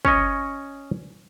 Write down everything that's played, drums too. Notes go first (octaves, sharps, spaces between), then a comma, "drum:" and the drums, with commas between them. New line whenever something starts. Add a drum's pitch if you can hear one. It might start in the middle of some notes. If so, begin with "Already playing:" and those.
C#4 C#5 D#5, drum: kick